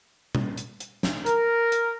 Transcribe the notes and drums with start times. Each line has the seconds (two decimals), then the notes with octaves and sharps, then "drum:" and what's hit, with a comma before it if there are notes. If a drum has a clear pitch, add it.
0.35 drum: tom
0.57 drum: hi-hat
0.80 drum: hi-hat
1.03 drum: snare
1.26 A#4, drum: hi-hat
1.72 drum: hi-hat